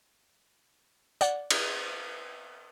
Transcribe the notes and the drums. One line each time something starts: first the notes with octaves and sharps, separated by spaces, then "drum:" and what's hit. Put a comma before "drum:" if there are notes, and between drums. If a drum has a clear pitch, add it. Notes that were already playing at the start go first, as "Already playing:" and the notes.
D5 F#5, drum: tambourine
drum: cymbal